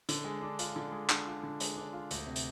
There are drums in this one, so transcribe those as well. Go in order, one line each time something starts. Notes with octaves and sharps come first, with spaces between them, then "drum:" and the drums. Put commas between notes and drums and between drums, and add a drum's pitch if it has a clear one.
D3, drum: hi-hat
G#3
D4
F4, drum: hi-hat
D3
G#3
D4, drum: clap
F4
D3
G#3, drum: hi-hat
D4
F4
D2, drum: hi-hat
C3
drum: hi-hat